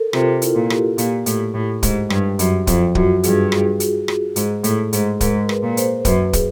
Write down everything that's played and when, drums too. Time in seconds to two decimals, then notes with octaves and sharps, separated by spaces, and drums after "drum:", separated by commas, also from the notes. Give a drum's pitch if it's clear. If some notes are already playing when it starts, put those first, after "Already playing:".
Already playing: A4 A#4
0.13 C3 F4, drum: rim click
0.42 E4, drum: hi-hat
0.55 A#2
0.70 G4, drum: rim click
0.98 A#2, drum: hi-hat
1.26 A2, drum: hi-hat
1.54 A2
1.83 G#2, drum: kick, hi-hat
2.10 G2, drum: rim click
2.39 F#2, drum: hi-hat
2.67 F2 F4, drum: kick, hi-hat
2.95 F#2 F#4, drum: kick
3.23 G2 G#4, drum: hi-hat
3.52 G#4, drum: rim click
3.80 drum: hi-hat
4.08 drum: rim click
4.36 G#2, drum: hi-hat
4.64 A2, drum: hi-hat
4.93 G#2, drum: hi-hat
5.21 G#2 A#4, drum: kick, hi-hat
5.49 B4, drum: rim click
5.63 A#2
5.77 C5, drum: hi-hat
6.05 F#2 B4, drum: kick, hi-hat
6.33 G#4, drum: kick, hi-hat